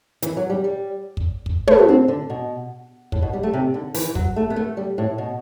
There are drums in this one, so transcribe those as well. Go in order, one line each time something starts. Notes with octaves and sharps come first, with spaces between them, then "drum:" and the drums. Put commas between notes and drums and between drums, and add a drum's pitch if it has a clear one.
E3, drum: hi-hat
F#3
G3
G3
drum: kick
drum: kick
A3, drum: tom
B3
C4
D3
B2
A2, drum: kick
B2
G3
A3
C3
D3
E3, drum: open hi-hat
F#3, drum: kick
A3
B3
A3
G3
A2
B2